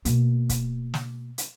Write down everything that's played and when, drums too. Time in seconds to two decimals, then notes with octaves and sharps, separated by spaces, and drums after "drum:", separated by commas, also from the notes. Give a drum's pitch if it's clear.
0.05 B2 A#3, drum: hi-hat
0.49 drum: kick, hi-hat
0.94 drum: snare
1.38 drum: hi-hat